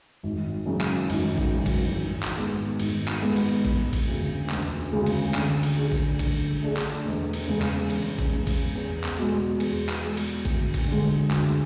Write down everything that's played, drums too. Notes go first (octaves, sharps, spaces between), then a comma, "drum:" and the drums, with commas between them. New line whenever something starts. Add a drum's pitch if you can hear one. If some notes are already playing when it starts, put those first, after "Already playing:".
G#1
F#2 C#3 E3
drum: clap
G#1, drum: cymbal
drum: kick A1
F#2 C#3 E3
drum: kick A1, cymbal
G#1
drum: clap
G#2 G#3 B3
G#1, drum: cymbal
drum: clap
G#2 G#3 B3
drum: cymbal
E1, drum: kick A1
drum: kick A1, cymbal
D2 C#3 G#3
E1, drum: clap
D2 C#3 G#3
drum: cymbal
D3, drum: clap
drum: cymbal
A3 D4 G#4
drum: kick A1
D3, drum: kick A1, cymbal
A3 D4 G#4
drum: clap
E1
drum: cymbal
E2 C#3 G#3
drum: clap
E1, drum: cymbal
drum: kick A1
E2 C#3 G#3
drum: kick A1, cymbal
E2
drum: clap
B2 G#3
E2, drum: cymbal
drum: clap
B2 G#3
drum: cymbal
D2, drum: kick A1
drum: kick A1, cymbal
D3 G#3
D2, drum: clap